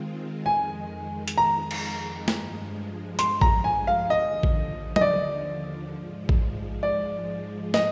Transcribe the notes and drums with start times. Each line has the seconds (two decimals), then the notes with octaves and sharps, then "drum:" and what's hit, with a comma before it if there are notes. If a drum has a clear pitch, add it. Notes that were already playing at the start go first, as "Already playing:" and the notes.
Already playing: D#3 G#3 C4 F4
0.46 F2 D#3 G#3 G#5
1.28 drum: hi-hat
1.38 A#5
1.71 drum: cymbal
2.28 G2 F3 G#3, drum: snare
3.19 C6, drum: hi-hat
3.41 A#5, drum: kick A1
3.64 G#5
3.87 F5
4.10 D#2 D3 F3 D#5
4.43 drum: kick A1
4.96 D#5, drum: tom F#3
5.01 D5
5.92 G#2 F3 G#3
6.29 drum: kick A1
6.83 D5
7.74 D#5, drum: snare